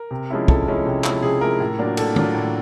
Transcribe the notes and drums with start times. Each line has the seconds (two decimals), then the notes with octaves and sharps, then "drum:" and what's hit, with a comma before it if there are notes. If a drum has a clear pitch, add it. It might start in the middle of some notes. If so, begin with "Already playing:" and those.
Already playing: A#4
0.11 C3
0.30 F3 G#3 C#4 E4
0.48 C3 A4, drum: kick
0.67 F3 G#3 C#4 E4
0.86 C3
1.04 F3 G#3 C#4 E4, drum: clap
1.23 C3 G#4
1.41 F3 G#3 C#4 E4 A#4
1.60 A2
1.79 F#3 A#3 D4 F4
1.97 A2 A4, drum: cymbal
2.16 F#3 A#3 D4 F4, drum: tom
2.35 A2